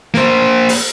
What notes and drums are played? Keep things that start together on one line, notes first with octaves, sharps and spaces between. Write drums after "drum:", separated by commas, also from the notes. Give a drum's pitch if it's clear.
A#3 C5, drum: snare
drum: open hi-hat